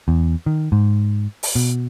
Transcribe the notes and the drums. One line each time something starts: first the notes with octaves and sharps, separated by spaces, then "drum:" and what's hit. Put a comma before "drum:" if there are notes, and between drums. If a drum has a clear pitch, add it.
E2
D#3
G#2
drum: open hi-hat
B2